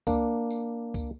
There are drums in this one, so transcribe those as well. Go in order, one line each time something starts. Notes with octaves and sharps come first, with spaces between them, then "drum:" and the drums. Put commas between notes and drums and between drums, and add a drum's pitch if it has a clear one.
A#3 D4, drum: kick C#2, tambourine
drum: tambourine
drum: kick C#2, tambourine